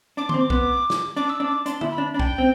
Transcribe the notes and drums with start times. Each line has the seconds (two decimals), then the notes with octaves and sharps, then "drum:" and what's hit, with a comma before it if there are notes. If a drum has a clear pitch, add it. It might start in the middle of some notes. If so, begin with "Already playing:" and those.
0.17 D4 D6
0.29 C4 C6, drum: tom
0.41 D6
0.50 B3, drum: kick
0.90 drum: snare
1.17 D4 D6
1.29 E6
1.40 D4
1.44 D6
1.66 D4 C6, drum: hi-hat
1.81 E4, drum: tom
1.90 B5
1.98 D4
2.14 D4 B5
2.20 G5, drum: kick
2.38 C4